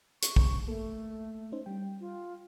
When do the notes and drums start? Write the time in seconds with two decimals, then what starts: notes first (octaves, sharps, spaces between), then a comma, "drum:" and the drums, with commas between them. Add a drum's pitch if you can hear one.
0.22 C#6, drum: hi-hat
0.36 drum: kick
0.68 A3 A#3 A4
1.52 C#4 D#4 C5
1.66 G3 G5
2.00 F4